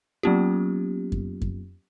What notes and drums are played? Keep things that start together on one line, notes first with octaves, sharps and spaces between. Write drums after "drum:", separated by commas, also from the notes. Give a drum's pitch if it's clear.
F#3 A#3 B3 C#4 F4 G4
drum: kick F#2
drum: kick F#2